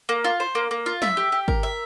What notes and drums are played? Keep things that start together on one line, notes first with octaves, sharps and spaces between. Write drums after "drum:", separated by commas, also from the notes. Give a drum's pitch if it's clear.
A#3
F4
C5
A#3
A#3
F4
E5, drum: snare
G4
G4
A#4, drum: kick
E5